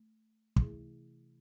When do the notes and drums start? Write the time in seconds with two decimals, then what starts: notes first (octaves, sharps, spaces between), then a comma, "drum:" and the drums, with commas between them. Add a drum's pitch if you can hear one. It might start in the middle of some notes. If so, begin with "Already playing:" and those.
Already playing: A3
0.56 C3 E3 A3 E4 G#4, drum: kick